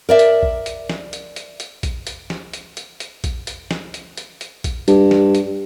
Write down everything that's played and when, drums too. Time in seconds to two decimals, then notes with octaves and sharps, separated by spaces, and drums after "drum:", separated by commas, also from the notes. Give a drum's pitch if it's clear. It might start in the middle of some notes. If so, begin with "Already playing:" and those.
0.09 A#4 D5 E5
0.19 drum: hi-hat
0.43 drum: kick A#1
0.66 drum: hi-hat
0.89 drum: snare
1.13 drum: hi-hat
1.36 drum: hi-hat
1.60 drum: hi-hat
1.83 drum: kick A#1, hi-hat
2.07 drum: hi-hat
2.30 drum: snare
2.53 drum: hi-hat
2.77 drum: hi-hat
3.00 drum: hi-hat
3.24 drum: kick A#1, hi-hat
3.47 drum: hi-hat
3.71 drum: snare
3.94 drum: hi-hat
4.17 drum: hi-hat
4.41 drum: hi-hat
4.64 drum: kick A#1, hi-hat
4.88 G2, drum: hi-hat
5.11 drum: snare
5.35 drum: hi-hat